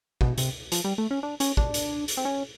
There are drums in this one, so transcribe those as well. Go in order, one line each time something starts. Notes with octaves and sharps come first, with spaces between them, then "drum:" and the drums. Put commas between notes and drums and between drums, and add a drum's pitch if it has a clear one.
B2, drum: kick
C3, drum: hi-hat
F3, drum: hi-hat
G3
A3
C#4
D4
C#4, drum: hi-hat
D4, drum: kick
drum: hi-hat
drum: hi-hat
C4
C#4